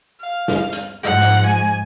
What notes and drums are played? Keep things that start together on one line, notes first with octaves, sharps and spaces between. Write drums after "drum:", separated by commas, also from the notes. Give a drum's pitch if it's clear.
F5
drum: snare
drum: hi-hat
G#2 F3 F#5
drum: hi-hat
G#5